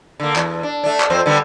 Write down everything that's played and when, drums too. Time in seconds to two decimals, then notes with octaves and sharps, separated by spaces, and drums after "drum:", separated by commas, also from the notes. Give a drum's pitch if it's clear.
0.20 D3 A#3
0.36 E2, drum: clap
0.63 D4
0.84 A3 D4
1.00 drum: clap
1.10 F2 C4 C5
1.26 D3 G3 B3